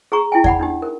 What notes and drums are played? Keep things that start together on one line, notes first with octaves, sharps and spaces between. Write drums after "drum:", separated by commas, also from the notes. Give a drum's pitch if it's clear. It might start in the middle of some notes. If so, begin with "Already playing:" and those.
G#4 A#5 C#6
E4 G5 G#5
D5 F#5 B5, drum: kick E2
D4 D#4 G4
A#4